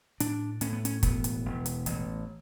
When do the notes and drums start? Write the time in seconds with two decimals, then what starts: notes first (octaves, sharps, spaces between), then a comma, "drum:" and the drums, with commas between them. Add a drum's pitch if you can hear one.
0.20 A2 D4, drum: hi-hat
0.61 A2 C#4, drum: hi-hat
0.73 B3
0.85 C#4, drum: hi-hat
1.03 E1 B3, drum: kick, hi-hat
1.24 drum: hi-hat
1.45 E1
1.66 drum: hi-hat
1.86 A1, drum: hi-hat